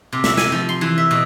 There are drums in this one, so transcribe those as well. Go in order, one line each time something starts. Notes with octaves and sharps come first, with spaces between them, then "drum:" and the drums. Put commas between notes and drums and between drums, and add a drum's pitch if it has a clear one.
C3
E5, drum: snare
G#5, drum: snare
F3
C6
E3
E5
B2